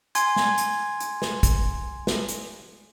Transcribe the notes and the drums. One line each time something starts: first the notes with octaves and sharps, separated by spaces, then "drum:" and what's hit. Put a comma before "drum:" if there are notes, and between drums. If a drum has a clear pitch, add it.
G#5 C6 G#6, drum: hi-hat
drum: snare
drum: hi-hat
drum: hi-hat
drum: snare
drum: kick, hi-hat
drum: snare
drum: hi-hat